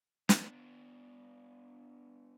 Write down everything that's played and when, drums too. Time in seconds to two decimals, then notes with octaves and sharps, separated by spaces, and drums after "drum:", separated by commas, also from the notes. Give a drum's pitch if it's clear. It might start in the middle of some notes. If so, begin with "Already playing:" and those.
0.29 B3 D4, drum: snare